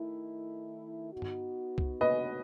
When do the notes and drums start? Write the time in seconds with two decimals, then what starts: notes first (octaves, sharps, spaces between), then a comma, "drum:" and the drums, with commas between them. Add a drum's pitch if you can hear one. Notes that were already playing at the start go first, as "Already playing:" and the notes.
Already playing: D#3 A3 E4
1.13 B3 D#4 F#4
1.22 drum: tom G2
1.78 drum: kick C2
2.01 B4 D#5